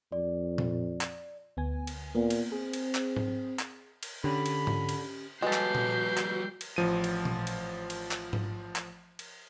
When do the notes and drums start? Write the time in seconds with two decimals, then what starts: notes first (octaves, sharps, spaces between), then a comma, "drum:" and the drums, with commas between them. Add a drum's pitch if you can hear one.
0.12 F2 D5
0.58 drum: tom A#2
1.01 drum: clap
1.57 D2 B3 G#5
1.87 drum: cymbal
2.15 A#2 A#3 B3
2.30 drum: cymbal
2.52 C4 G#4
2.73 drum: cymbal
2.95 drum: clap
3.17 drum: tom G#2
3.60 drum: clap
4.03 drum: cymbal
4.24 D3 C#4 G4 B5
4.46 drum: cymbal
4.67 drum: tom G#2
4.89 drum: cymbal
5.42 G3 G#3 F#4 A4 B4 G6 C7
5.53 drum: clap
5.75 drum: tom A#2
6.18 drum: clap
6.61 drum: cymbal
6.76 A1 F3 D#7
7.04 drum: cymbal
7.25 drum: tom A#2
7.47 drum: cymbal
7.90 drum: cymbal
8.11 drum: clap
8.33 drum: tom G#2
8.76 drum: clap
9.19 drum: cymbal